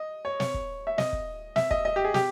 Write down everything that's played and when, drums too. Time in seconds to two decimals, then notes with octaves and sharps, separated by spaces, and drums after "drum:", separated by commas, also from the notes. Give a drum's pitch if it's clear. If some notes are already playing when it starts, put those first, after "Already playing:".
Already playing: D#5
0.25 C#5
0.40 C#5, drum: snare
0.54 drum: kick
0.87 E5
0.98 D#5, drum: snare
1.13 drum: kick
1.56 E5, drum: snare
1.71 D#5, drum: kick
1.85 D#5
1.96 G4
2.05 G#4
2.14 G4, drum: snare